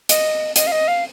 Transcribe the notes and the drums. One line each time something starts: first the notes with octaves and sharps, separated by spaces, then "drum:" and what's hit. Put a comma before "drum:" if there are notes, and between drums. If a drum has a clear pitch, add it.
D#5, drum: hi-hat
D#5, drum: hi-hat
F5
D#5
F5